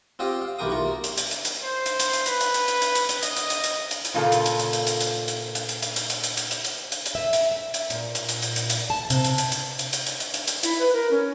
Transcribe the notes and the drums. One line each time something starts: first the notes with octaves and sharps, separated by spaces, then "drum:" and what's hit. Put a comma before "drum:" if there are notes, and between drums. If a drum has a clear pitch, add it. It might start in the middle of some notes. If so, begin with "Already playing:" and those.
C4 F4 G4 D#5 F5 G5
F5
B1 E3 G4 A#4 G5 D#6
F4 A#5 C#6
A#3
drum: hi-hat
drum: hi-hat
drum: hi-hat
drum: hi-hat
C5
drum: hi-hat
drum: hi-hat
drum: hi-hat
B4, drum: hi-hat
drum: hi-hat
drum: hi-hat
drum: hi-hat
drum: hi-hat
drum: hi-hat
drum: hi-hat
D#5, drum: hi-hat
drum: hi-hat
drum: hi-hat
drum: hi-hat
drum: hi-hat
drum: hi-hat
A#2 C#3 A#3 F4 A4
drum: hi-hat
drum: hi-hat
drum: hi-hat
drum: hi-hat
drum: hi-hat
drum: hi-hat
drum: hi-hat
drum: hi-hat
drum: hi-hat
drum: hi-hat
drum: hi-hat
drum: hi-hat
drum: hi-hat
drum: hi-hat
drum: hi-hat
drum: hi-hat
drum: hi-hat
drum: hi-hat
E5
drum: hi-hat
E5
drum: hi-hat
A#2, drum: hi-hat
drum: hi-hat
drum: hi-hat
drum: hi-hat
drum: hi-hat
drum: hi-hat
A5
C3, drum: hi-hat
drum: hi-hat
drum: hi-hat
drum: hi-hat
drum: hi-hat
drum: hi-hat
drum: hi-hat
drum: hi-hat
drum: hi-hat
drum: hi-hat
E4, drum: hi-hat
B4
A#4
C#4